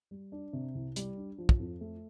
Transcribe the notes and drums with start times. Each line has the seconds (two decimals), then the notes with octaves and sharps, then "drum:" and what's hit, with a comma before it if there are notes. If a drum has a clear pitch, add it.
0.11 G3
0.32 D4
0.53 C3
0.75 C2
0.96 G3, drum: hi-hat
1.17 D4
1.38 F3
1.49 drum: kick
1.60 F2
1.81 A3